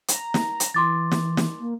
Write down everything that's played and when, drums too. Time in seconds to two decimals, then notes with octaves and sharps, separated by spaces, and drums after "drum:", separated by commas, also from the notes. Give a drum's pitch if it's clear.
0.08 A#5, drum: hi-hat
0.34 drum: snare
0.60 drum: hi-hat
0.74 E3 C6 D6 A6
1.12 drum: snare
1.37 drum: snare
1.60 A#3